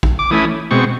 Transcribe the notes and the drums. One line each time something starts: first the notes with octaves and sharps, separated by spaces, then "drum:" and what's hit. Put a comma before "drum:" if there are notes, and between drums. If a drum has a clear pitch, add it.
drum: kick
D6
E3 A3 C#4 E4 D#6
B2 G#3 C4 C#6